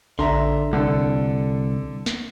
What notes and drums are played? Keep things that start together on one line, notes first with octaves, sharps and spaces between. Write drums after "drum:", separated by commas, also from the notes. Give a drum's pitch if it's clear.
D3 E5 A#5 C6, drum: kick A#1
C2 D3 A4
drum: snare